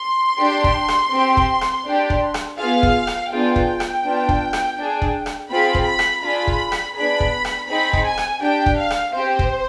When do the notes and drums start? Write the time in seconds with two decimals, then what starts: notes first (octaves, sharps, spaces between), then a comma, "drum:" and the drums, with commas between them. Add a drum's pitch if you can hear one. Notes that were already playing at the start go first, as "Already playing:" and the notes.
Already playing: C6
0.39 D4 G4
0.64 drum: kick
0.88 drum: rim click
1.13 C4 G4
1.37 drum: kick
1.61 drum: rim click
1.86 D4 G4
2.10 drum: kick
2.34 drum: rim click
2.58 B3 F4 G#4 F5
2.83 drum: kick
3.07 drum: rim click
3.31 B3 D4 F4 G#4 G5
3.56 drum: kick
3.80 drum: rim click
4.04 B3 D4 F4
4.29 drum: kick
4.53 drum: rim click
4.78 D4 G#4
5.02 drum: kick
5.26 drum: rim click
5.50 C4 F4 G#4 B5
5.74 drum: kick
5.86 B5
5.99 drum: rim click
6.23 D4 F4 G#4 B5
6.47 drum: kick
6.72 drum: rim click
6.96 B3 D4 G#4 B5
7.20 drum: kick
7.45 drum: rim click
7.69 C4 D#4 G#4 B5
7.93 drum: kick
8.06 G#5
8.18 drum: rim click
8.42 D4 G4 G5
8.66 drum: kick
8.78 F5
8.90 drum: rim click
9.14 C4 G4 C5
9.39 drum: kick